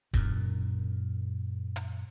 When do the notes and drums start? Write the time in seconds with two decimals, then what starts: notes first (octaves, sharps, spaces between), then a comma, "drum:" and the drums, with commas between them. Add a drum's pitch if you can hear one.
0.14 F#2 A#2, drum: kick
1.76 drum: hi-hat